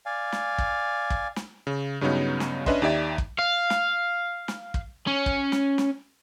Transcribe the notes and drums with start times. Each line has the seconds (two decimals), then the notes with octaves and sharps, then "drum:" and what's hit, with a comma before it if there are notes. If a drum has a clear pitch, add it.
0.06 D5 F5 G#5
0.32 drum: snare
0.58 drum: kick
1.10 drum: kick
1.36 drum: snare
1.67 C#3
2.01 G2 C#3 F#3 B3 C#4 D#4
2.40 drum: snare
2.66 C#4 D4 B4 D#5 E5 C6, drum: kick
2.82 D#2 D#4 G4 D5 E5 G#6
3.18 drum: kick
3.39 F5
3.70 drum: snare
4.48 drum: snare
4.74 drum: kick
5.07 C#4
5.26 drum: kick
5.52 drum: snare
5.78 drum: snare